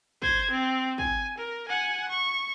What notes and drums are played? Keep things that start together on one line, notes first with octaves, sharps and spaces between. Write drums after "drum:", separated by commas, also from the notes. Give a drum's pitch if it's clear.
C5 G#6, drum: kick
C4
G#5, drum: kick
A#4
F#5 G#5
C#6